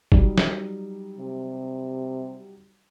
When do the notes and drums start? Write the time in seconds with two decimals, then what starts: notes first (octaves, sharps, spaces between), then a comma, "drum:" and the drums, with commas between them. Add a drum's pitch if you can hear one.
0.12 F#3 G3 D#4, drum: kick
0.38 drum: snare
1.18 C3